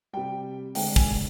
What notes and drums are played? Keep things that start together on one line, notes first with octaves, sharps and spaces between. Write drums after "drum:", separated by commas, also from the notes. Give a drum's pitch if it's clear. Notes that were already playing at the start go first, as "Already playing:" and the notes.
C3 G3 G5
D3 G#3 G5, drum: open hi-hat
G#5, drum: kick